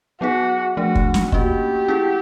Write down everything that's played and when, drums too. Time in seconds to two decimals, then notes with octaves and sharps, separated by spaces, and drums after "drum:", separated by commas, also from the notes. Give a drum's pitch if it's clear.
0.21 F#3 B3 D#4 F#4 G#4
0.77 F3 A3 D4 F#4
0.95 drum: kick
1.14 drum: snare
1.32 A#3 C#4 F#4 G4, drum: kick
1.88 C#4 E4 G#4